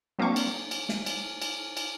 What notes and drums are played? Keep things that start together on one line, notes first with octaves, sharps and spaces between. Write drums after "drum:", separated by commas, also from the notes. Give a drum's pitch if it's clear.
F#3 A#3 C4 D4 C#6
drum: cymbal
drum: cymbal
drum: snare
drum: cymbal
drum: cymbal
drum: cymbal